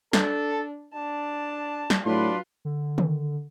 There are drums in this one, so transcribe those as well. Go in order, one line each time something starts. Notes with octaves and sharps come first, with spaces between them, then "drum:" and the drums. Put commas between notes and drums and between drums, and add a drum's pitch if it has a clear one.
D4 A4, drum: snare
D4 A5
drum: snare
A2 F#3 D4 F4 B4 C6
D3
drum: tom D#3